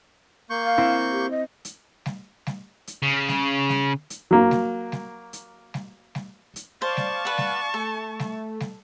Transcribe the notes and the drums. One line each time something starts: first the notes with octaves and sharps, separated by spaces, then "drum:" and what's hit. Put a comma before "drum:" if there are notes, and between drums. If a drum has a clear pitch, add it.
A#3 C#6 G6
F5
C4 E4
G4
D#5
drum: hi-hat
drum: snare G3
drum: snare G3
drum: hi-hat
C#3
drum: snare G3
drum: snare G3
drum: hi-hat
F#3 A#3
drum: snare G3
drum: snare G3
drum: hi-hat
drum: snare G3
drum: snare G3
drum: hi-hat
C5 D5 F5 A5 C#6
drum: snare G3
B4 F#5
drum: snare G3
A3 A4
drum: snare G3
drum: snare G3